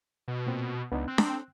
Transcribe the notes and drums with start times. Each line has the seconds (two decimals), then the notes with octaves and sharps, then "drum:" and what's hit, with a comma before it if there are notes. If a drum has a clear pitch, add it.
0.28 B2
0.47 A#2 C4
0.92 C#2 B3 D4 D#4
1.08 C4 F#6
1.18 drum: snare D4